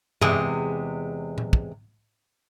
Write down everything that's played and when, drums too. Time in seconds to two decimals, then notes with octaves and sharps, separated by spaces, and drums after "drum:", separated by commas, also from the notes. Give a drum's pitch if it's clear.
0.21 E2 C3 G#3, drum: tom G2
1.38 drum: tom A#2
1.53 drum: kick